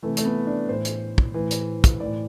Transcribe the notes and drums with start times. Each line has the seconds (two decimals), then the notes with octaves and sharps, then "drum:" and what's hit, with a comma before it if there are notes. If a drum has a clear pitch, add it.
0.03 C3 E3 A3
0.17 A3, drum: hi-hat
0.25 B3
0.47 D4
0.68 A2 E3 C5
0.85 drum: hi-hat
1.18 drum: kick
1.34 A2 E3
1.51 drum: hi-hat
1.84 drum: kick, hi-hat
2.00 A2 E3 D5